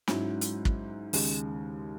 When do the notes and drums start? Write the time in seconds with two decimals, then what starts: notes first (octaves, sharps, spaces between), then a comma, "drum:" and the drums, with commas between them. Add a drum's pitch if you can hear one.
0.08 G#2 F#3 C#4 E4, drum: snare
0.41 drum: hi-hat
0.65 drum: kick
1.13 D#2 C#3 G#3, drum: open hi-hat